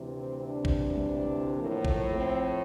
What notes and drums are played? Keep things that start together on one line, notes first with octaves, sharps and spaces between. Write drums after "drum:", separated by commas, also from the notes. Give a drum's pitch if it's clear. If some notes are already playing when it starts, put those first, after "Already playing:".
Already playing: D2 C3 E3
C4
D4
drum: kick A1
drum: tom G3
A2 F3 A#3
A3, drum: kick A1
C4